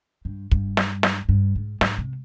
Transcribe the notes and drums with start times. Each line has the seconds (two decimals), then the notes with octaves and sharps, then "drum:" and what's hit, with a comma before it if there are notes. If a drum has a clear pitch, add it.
0.25 G2
0.51 G2, drum: kick
0.77 drum: snare
1.03 drum: snare
1.29 G2
1.56 G#2
1.81 G#2, drum: snare
1.98 C3